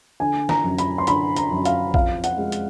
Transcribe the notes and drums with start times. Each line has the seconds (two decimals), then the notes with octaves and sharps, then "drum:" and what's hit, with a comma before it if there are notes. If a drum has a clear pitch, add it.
0.20 D3 G#5
0.49 A#5, drum: snare
0.64 F#2
0.78 B5, drum: hi-hat
0.98 C6
1.07 D3 B5, drum: hi-hat
1.36 A#5, drum: hi-hat
1.51 F#2
1.65 F5, drum: hi-hat
1.94 F2 F5, drum: kick A#1
2.24 F#5, drum: hi-hat
2.37 G#3
2.52 drum: hi-hat